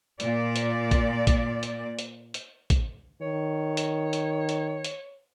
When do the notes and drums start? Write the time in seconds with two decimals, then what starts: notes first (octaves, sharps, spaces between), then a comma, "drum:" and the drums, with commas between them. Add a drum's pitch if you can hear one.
0.20 A#2 D5, drum: hi-hat
0.56 drum: hi-hat
0.91 drum: kick, hi-hat
1.27 drum: kick, hi-hat
1.63 drum: hi-hat
1.99 drum: hi-hat
2.34 drum: hi-hat
2.70 drum: kick, hi-hat
3.22 D#3 C#5
3.77 drum: hi-hat
4.13 drum: hi-hat
4.49 drum: hi-hat
4.84 drum: hi-hat